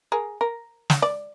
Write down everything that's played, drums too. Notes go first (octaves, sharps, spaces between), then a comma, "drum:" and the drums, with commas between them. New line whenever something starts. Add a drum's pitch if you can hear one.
G#4 A#4
A#4
drum: snare
D5